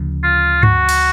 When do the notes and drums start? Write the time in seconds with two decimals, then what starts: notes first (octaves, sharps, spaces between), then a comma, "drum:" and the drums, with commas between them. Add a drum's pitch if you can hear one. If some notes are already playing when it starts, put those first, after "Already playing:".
Already playing: D2 C#3 F3
0.24 F4
0.63 F#4, drum: tom G2
0.89 drum: cymbal